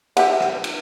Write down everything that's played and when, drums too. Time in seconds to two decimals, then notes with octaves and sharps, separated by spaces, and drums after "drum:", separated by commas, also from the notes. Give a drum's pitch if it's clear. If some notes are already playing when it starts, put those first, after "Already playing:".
0.17 G4 E5 F#5, drum: cymbal
0.40 drum: rim click
0.64 drum: cymbal